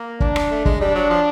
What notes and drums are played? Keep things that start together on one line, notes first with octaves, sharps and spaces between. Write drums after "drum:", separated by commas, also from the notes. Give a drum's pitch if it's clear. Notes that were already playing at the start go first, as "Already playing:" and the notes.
Already playing: A#3
D4, drum: kick
drum: rim click
A3
G#3, drum: kick
G3 D4
F#3
F3